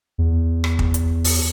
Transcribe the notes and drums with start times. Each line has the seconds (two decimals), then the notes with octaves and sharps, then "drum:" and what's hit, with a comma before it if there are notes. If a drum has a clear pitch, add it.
0.18 E2
0.64 drum: rim click
0.79 drum: kick
0.94 drum: hi-hat
1.24 drum: open hi-hat